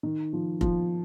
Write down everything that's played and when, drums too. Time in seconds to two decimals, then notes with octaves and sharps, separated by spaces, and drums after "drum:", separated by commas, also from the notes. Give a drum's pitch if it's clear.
0.03 D#3
0.33 F3
0.61 F3, drum: kick F1